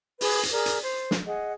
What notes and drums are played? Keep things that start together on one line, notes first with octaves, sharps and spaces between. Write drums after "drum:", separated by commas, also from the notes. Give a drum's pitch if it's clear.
G#4 B4, drum: open hi-hat
drum: hi-hat
G#4 A#4 D5
drum: hi-hat
C5
drum: snare
G#4 D#5 F#5